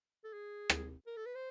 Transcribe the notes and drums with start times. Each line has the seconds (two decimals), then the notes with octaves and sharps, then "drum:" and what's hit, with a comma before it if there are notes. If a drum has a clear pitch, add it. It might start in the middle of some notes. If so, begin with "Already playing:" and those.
0.24 A4
0.33 G#4
0.70 drum: rim click
1.07 A#4
1.17 A4
1.26 B4
1.35 C5